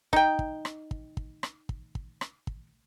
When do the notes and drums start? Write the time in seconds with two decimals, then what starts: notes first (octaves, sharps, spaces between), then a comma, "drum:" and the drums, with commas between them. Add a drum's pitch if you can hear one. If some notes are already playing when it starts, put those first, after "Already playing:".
0.13 D#4 G5, drum: kick
0.39 drum: kick
0.65 drum: rim click
0.91 drum: kick
1.17 drum: kick
1.43 drum: rim click
1.69 drum: kick
1.95 drum: kick
2.21 drum: rim click
2.47 drum: kick